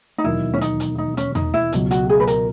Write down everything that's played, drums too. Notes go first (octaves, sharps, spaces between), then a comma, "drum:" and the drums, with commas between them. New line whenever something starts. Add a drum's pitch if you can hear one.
D#4
E1 D#2 D#3 F#3 A#3 E4
C#4
D#4, drum: hi-hat
drum: hi-hat
D#4
C#4, drum: hi-hat
D#4, drum: tom E2
E4
C#2 B2 F#3, drum: hi-hat
F#4, drum: hi-hat
G#4
B4
A#4, drum: hi-hat